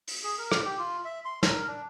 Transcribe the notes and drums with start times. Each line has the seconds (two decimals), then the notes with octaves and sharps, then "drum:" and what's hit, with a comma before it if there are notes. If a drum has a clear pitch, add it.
0.07 drum: open hi-hat
0.24 G#4
0.38 A#4
0.52 drum: rim click
0.65 G4
0.78 F4
1.05 E5
1.25 C6
1.43 A#4, drum: snare
1.67 D4